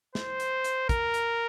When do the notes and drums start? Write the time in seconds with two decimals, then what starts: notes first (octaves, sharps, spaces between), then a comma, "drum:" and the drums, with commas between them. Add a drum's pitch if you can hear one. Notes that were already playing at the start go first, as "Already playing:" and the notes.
0.15 C5, drum: snare
0.40 drum: hi-hat
0.64 drum: hi-hat
0.89 A#4, drum: kick, hi-hat
1.14 drum: hi-hat